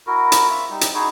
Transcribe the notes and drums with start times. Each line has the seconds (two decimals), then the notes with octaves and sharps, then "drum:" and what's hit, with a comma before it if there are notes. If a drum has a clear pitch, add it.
0.07 E4 F#4 A#4
0.32 drum: hi-hat
0.50 F4 E5
0.70 G3 D#4
0.81 drum: hi-hat
0.95 D#4 E4 F#4 G#4